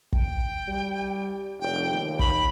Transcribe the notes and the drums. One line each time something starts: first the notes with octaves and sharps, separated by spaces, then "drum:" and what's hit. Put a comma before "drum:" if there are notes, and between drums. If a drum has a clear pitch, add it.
G5, drum: kick
G3
F1 G5
D#2
B5, drum: kick